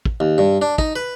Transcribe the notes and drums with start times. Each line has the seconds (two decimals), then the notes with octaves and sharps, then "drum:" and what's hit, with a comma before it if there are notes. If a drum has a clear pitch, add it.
0.05 drum: kick
0.20 D#2
0.38 G2
0.62 D4
0.78 D#4, drum: kick
0.96 B4